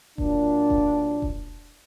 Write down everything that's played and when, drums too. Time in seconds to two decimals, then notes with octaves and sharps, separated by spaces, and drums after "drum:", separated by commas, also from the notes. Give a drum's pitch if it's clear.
0.18 A#2 F#3 A#3 D4, drum: kick E1
0.70 drum: kick E1
1.22 drum: kick E1